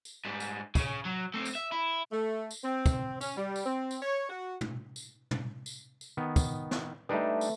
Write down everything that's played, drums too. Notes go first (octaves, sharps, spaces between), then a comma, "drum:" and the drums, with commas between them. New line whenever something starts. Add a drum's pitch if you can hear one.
drum: tambourine
G#2 G3
drum: tambourine
C#3 C#4, drum: kick, tambourine
F#3
A3 C4
drum: tambourine
E5
E4
A3
drum: tambourine
C4
drum: kick, tambourine
C#4, drum: tambourine
G3
drum: tambourine
C4
drum: tambourine
C#5
F#4
drum: tom
drum: tambourine
drum: tom
drum: tambourine
drum: tambourine
D#3 B3
drum: kick, tambourine
drum: snare
G3 A3 D4 D#4 B4
drum: tambourine